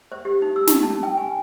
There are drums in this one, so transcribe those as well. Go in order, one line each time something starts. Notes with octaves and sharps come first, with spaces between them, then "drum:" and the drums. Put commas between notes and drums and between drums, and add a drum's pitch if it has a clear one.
C5
G4
D#4
E6
D#4, drum: snare
A5
G5
G#5